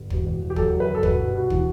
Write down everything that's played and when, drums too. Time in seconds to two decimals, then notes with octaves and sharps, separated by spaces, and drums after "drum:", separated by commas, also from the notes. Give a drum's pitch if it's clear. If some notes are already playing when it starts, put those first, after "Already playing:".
Already playing: G1
0.10 E1, drum: kick
0.26 E1
0.42 E1
0.50 G4
0.56 F#2 A4, drum: kick
0.73 F#2
0.80 B4
0.88 G1
0.95 A4
1.03 B2 B4, drum: kick
1.19 C2
1.34 B2
1.50 E3, drum: kick